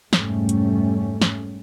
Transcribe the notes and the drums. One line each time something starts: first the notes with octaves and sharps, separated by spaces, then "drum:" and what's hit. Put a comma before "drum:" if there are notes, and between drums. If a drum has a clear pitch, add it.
F1 G#2 G3 A3 C#4, drum: snare
drum: hi-hat
drum: snare